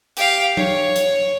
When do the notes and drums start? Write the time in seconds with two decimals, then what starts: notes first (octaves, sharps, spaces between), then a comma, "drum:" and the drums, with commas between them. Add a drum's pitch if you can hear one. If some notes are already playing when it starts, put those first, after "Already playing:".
0.17 G4 F5, drum: hi-hat
0.57 C#5, drum: tom F#3
0.96 drum: hi-hat